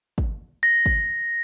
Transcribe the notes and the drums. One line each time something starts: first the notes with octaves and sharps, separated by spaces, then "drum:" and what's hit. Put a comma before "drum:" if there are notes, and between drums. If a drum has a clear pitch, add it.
drum: kick
A#6
drum: kick